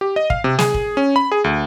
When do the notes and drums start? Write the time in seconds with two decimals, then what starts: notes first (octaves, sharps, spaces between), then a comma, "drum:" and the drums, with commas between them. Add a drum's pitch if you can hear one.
0.01 G4
0.16 D#5
0.30 F5, drum: kick
0.44 C3
0.59 G#4, drum: snare
0.74 drum: kick
0.97 C#4
1.16 B5
1.32 G#4
1.44 D2